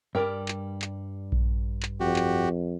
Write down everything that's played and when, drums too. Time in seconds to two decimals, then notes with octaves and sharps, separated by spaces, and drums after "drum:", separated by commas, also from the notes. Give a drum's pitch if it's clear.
0.15 G2 G3 A#4 D5 G5
0.48 drum: clap
0.82 drum: clap
1.32 drum: kick A#1
1.83 drum: clap
2.00 F2 F#4 G4
2.16 drum: clap